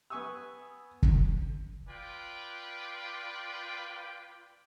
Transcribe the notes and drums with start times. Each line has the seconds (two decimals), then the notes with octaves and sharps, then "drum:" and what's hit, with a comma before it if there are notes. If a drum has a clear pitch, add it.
0.10 B3 B4 G#5 C#6 D#6 E6
1.03 drum: kick
1.88 F4 B4 D5 G5